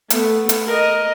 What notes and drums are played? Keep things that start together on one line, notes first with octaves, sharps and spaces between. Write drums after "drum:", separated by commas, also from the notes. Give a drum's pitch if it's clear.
A3 B3, drum: hi-hat
drum: hi-hat
A#4 D#5